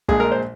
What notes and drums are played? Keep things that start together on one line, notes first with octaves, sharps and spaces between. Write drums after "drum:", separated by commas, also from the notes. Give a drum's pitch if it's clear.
A#1 A#2 G#3 G#4, drum: kick
A#4
C5